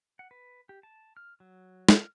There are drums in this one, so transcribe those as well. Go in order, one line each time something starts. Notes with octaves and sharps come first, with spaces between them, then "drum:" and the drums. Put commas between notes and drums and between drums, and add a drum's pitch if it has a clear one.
F#5
B4
G4
A5
F6
F#3
F6, drum: snare